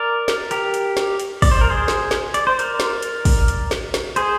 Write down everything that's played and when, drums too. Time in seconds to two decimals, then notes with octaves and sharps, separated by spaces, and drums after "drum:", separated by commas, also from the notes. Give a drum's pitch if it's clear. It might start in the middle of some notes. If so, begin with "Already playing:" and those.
Already playing: A#4 D5
0.28 drum: snare
0.51 G4 A#4, drum: hi-hat
0.74 drum: hi-hat
0.97 drum: snare
1.19 drum: hi-hat
1.42 D5, drum: kick, open hi-hat
1.51 C5
1.61 A#4
1.70 G#4 C5
1.88 drum: snare
2.11 drum: snare
2.34 D5, drum: hi-hat
2.47 C5
2.59 A#4 D5, drum: hi-hat
2.80 drum: snare
3.02 drum: hi-hat
3.25 drum: kick, open hi-hat
3.48 drum: hi-hat
3.71 drum: snare
3.94 drum: snare
4.16 G#4 C5, drum: hi-hat